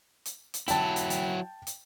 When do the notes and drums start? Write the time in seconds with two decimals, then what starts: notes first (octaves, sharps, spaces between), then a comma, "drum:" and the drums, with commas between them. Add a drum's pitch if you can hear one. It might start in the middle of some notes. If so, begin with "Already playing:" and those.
0.26 drum: hi-hat
0.54 drum: hi-hat
0.68 F#3 E4 G5 A5, drum: hi-hat
0.96 drum: hi-hat
1.10 drum: hi-hat
1.67 drum: hi-hat